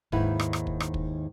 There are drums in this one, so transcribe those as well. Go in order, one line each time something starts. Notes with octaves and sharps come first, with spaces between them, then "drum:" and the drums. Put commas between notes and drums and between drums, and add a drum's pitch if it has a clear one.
D#2 G#2 D#3 E4 B4 F#5, drum: kick
drum: rim click
drum: rim click
drum: kick
drum: rim click
drum: kick